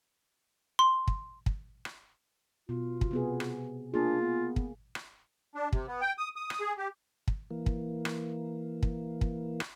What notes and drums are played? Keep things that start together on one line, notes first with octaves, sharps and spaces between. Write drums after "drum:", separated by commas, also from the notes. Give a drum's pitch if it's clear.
C6
drum: kick
drum: kick
drum: rim click
B2 F4
drum: kick
C3 B3 G#4
drum: rim click
A#3 D4 F4 G#4
B3
drum: kick
drum: rim click
D4
C3, drum: kick
B3
G5
D#6
D#6
drum: rim click
G#4
G4
drum: kick
E3 A#3
drum: kick
drum: rim click
drum: kick
drum: kick
drum: rim click